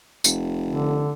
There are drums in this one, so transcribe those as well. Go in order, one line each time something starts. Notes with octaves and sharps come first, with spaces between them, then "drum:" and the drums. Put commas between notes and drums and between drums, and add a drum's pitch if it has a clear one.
F1, drum: tambourine
D3